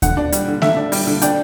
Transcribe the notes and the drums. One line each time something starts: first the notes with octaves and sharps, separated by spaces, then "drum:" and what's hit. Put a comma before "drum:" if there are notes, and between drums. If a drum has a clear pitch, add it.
D3 F#5, drum: kick D#2, hi-hat
D4
G3, drum: hi-hat
D3
D3 E5, drum: snare A3
D4
G3, drum: open hi-hat
D3
D4 G5, drum: hi-hat